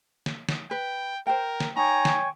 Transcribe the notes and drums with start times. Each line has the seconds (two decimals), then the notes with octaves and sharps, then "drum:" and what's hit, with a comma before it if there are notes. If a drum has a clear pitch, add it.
0.26 drum: snare
0.49 drum: snare
0.71 B4 G5
1.27 A#4 C5 G5
1.60 drum: snare
1.76 D#4 C#5 G5 G#5 A#5 C#6
2.05 drum: snare